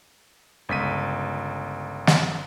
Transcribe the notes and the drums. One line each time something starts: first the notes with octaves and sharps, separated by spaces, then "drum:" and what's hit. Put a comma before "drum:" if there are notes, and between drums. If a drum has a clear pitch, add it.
G1 C#2 B6 D#7
drum: snare